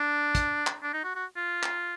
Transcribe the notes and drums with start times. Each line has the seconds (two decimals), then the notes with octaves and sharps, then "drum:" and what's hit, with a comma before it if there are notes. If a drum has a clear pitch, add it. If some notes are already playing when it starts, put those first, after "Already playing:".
Already playing: D4
0.35 drum: kick, hi-hat
0.67 drum: clap
0.83 D4
0.93 D#4
1.04 F#4
1.15 F#4
1.36 F4
1.63 drum: clap